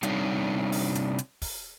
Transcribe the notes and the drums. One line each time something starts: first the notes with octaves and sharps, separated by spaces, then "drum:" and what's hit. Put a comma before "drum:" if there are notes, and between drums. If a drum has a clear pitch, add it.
C3 G3 D4 D#4 C#5 F5, drum: hi-hat
drum: open hi-hat
drum: hi-hat
drum: hi-hat
drum: kick, open hi-hat